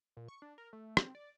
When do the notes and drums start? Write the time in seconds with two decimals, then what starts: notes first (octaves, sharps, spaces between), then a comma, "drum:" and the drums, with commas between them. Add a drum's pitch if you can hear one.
0.17 A#2
0.28 C#6
0.42 D4
0.58 A#4
0.73 A3
0.97 C4, drum: rim click
1.15 D5